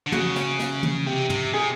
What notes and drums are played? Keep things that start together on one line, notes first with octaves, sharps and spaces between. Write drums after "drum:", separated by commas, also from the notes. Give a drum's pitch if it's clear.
D3
C#3 F#4, drum: tom
drum: snare
drum: snare
drum: tom
C3 G4
C3, drum: tom
C3 G#4